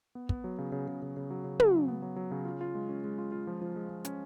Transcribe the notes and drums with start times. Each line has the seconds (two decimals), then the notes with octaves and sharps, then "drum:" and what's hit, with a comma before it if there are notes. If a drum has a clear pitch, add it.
0.15 B3
0.29 B3, drum: kick
0.44 F#3
0.58 C#3
0.72 C#3
0.88 C#3
1.02 C#3
1.17 C#3
1.30 F#3
1.44 C#3
1.60 C#3, drum: tom
1.74 F#3
1.88 B3
2.02 F#3
2.16 F#3
2.31 C#3
2.45 F4
2.61 F4
2.75 G#3
2.89 C#4
3.04 G#3
3.18 F4
3.32 F4
3.47 F3
3.62 F3
3.76 G#3
3.90 G#3
4.05 C#4, drum: hi-hat